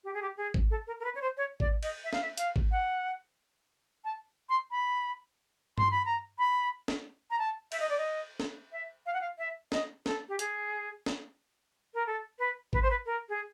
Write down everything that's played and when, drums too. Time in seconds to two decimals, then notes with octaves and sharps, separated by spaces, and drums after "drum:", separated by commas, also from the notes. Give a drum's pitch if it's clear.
0.04 G4
0.14 G#4
0.22 G4
0.37 G#4
0.54 drum: kick G#1
0.70 A4
0.87 A#4
1.00 A#4
1.04 B4
1.15 C#5
1.21 C5
1.37 C#5
1.60 D5, drum: kick G#1
1.83 D#5, drum: cymbal
2.04 E5
2.13 F5, drum: snare
2.22 E5
2.37 F5, drum: hi-hat
2.56 drum: kick G#1
2.71 F#5
4.04 A5
4.49 C6
4.71 B5
5.78 C6, drum: tom G2
5.91 B5
6.06 A#5
6.38 B5
6.88 drum: snare
7.30 A#5
7.39 A5
7.72 E5, drum: cymbal
7.80 D#5
7.89 D5
7.98 D#5
8.40 drum: snare
8.72 E5
9.06 F5
9.14 F#5
9.21 F5
9.38 E5
9.72 D#5, drum: snare
10.06 A4, drum: snare
10.29 G4
10.39 G#4, drum: hi-hat
11.06 drum: snare
11.94 A#4
12.06 A4
12.39 B4
12.73 B4, drum: kick G#1
12.82 C5
12.90 B4
13.06 A#4
13.29 G#4